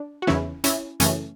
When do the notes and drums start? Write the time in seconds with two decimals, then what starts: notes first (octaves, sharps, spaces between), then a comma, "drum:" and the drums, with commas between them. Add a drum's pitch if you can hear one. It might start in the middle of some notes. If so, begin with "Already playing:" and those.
Already playing: D4
0.22 F#4
0.27 E2 C#3 E3 C#4 E4, drum: snare
0.64 C#4 E4, drum: hi-hat
1.00 F#2 C#3 E3 A3 C#4, drum: hi-hat